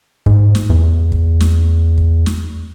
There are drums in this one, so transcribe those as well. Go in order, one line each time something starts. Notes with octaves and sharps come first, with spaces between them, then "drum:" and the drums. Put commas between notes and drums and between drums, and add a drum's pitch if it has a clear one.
G#2, drum: kick
drum: snare
E2
drum: kick
drum: snare
drum: kick
drum: snare